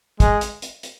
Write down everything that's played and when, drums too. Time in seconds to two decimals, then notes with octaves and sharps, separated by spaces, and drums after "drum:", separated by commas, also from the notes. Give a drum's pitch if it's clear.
0.20 G#3, drum: kick, hi-hat
0.41 drum: hi-hat
0.62 drum: hi-hat
0.83 drum: hi-hat